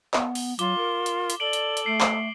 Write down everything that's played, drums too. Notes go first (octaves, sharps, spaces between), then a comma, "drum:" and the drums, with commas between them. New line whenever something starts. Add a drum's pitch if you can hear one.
B3, drum: clap
drum: open hi-hat
F#3 F4 D6 G7, drum: hi-hat
A#4
drum: hi-hat
drum: hi-hat
A4 D5 D7 F#7 G7
drum: hi-hat
drum: hi-hat
A3 C7 D7
drum: clap